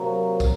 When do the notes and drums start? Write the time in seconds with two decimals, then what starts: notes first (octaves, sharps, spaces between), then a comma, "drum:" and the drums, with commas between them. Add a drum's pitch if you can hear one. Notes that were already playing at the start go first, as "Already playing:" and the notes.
Already playing: C3 F#3 A#3
0.40 drum: kick, tambourine